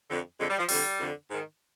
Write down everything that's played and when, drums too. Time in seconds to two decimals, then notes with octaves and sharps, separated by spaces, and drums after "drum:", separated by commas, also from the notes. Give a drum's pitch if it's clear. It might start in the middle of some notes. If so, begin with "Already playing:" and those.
0.09 F2 D3
0.38 F2 D3 G#3
0.49 G3
0.58 F3
0.69 F2 D3 G3, drum: open hi-hat
0.98 F2 D3
1.29 G#2 D#3